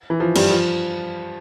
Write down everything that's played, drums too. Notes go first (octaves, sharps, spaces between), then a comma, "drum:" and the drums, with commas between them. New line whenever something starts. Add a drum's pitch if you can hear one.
E3
F3
G2 G3, drum: cymbal
F3